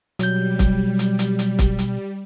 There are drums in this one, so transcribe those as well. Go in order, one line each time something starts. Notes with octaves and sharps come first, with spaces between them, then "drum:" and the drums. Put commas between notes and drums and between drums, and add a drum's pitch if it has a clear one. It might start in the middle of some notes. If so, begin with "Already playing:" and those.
B2 F#3 G3 G6, drum: hi-hat
drum: kick, hi-hat
drum: hi-hat
drum: hi-hat
drum: hi-hat
drum: kick, hi-hat
drum: hi-hat